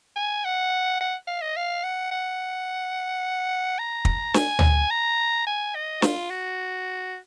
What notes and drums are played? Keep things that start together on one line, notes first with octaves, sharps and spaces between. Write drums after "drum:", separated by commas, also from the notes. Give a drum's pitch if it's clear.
G#5
F#5
F#5
F5
D#5
F5
F#5
F#5
A#5
drum: kick
G#5, drum: snare
drum: tom
A#5
G#5
D#5
F4, drum: snare
F#4